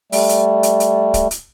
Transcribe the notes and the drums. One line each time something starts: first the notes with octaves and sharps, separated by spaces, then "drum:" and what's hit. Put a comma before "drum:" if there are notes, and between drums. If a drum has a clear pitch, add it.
G3 A3, drum: open hi-hat
drum: hi-hat
drum: hi-hat
drum: hi-hat
drum: kick, hi-hat
drum: hi-hat